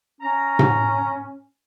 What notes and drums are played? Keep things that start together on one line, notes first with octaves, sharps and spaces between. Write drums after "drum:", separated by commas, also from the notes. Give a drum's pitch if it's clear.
C#4 A#5
drum: tom A2